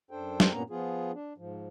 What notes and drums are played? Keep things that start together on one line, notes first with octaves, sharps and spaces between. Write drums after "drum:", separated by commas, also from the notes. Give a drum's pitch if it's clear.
F#2 D4 A4 C5 G5
drum: snare
G2 A#2 A#3 B3 C#4 A#5
F3 B3 F4 G#4
D4
G#2 F3